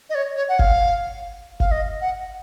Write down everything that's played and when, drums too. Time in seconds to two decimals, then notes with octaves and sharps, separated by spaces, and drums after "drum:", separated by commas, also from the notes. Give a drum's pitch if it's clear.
0.10 D#5
0.15 C#5
0.36 C#5
0.49 F#5
0.59 F5, drum: kick F#1
1.60 F5, drum: kick F#1
1.71 D#5
2.01 F#5